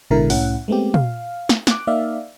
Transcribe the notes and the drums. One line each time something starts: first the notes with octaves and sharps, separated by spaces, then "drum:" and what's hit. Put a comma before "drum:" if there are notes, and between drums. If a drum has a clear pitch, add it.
A1 B2 D3 G#3 E4 A#4
C2 A2 C#4 E4 F#5, drum: open hi-hat
G#3 A3 B3 C4 G4
F5, drum: tom
drum: snare
D6 F#6, drum: snare
A#3 D#4 D5 E5 F5